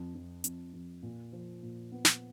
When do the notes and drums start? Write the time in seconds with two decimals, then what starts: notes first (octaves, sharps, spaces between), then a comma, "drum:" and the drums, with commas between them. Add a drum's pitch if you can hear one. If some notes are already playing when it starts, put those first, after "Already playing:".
Already playing: F2
0.15 F2
0.44 F2, drum: hi-hat
0.73 F2
1.02 A#2
1.32 F3
1.62 A#2
1.92 B3
2.05 drum: snare